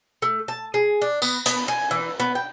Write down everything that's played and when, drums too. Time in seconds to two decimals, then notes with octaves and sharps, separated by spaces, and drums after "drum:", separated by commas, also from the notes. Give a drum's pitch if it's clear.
0.22 A3
0.48 A5
0.74 G#4
1.02 D4
1.22 B3, drum: tambourine
1.46 B3, drum: hi-hat
1.68 G#5
1.91 E3
2.20 B3
2.35 G5